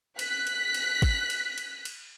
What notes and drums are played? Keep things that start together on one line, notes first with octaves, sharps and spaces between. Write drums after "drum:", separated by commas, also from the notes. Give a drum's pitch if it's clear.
F#6 B6, drum: cymbal
drum: cymbal
drum: cymbal
drum: kick, cymbal
drum: cymbal
drum: cymbal
drum: cymbal